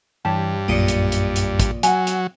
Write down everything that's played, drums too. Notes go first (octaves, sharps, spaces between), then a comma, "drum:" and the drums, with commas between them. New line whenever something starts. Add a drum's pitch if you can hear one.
G2 E3 G4 C#5 A5
A#1 F#2 A#2 D#5 C#7
drum: hi-hat
drum: hi-hat
drum: hi-hat
drum: kick, hi-hat
F#3 F#5 G#5, drum: hi-hat
drum: hi-hat